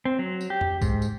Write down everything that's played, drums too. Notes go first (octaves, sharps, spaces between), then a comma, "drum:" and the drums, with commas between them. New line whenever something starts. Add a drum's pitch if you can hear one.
C4
F#3
drum: tambourine
G4
drum: tom F2
G#2, drum: kick B1, tambourine
drum: tambourine